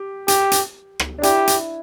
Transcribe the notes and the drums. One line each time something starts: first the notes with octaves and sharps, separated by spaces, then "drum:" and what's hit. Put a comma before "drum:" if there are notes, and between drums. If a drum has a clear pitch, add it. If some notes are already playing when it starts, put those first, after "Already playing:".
Already playing: G4
G4, drum: hi-hat
drum: hi-hat
drum: rim click
D4
E4 G4, drum: hi-hat
drum: hi-hat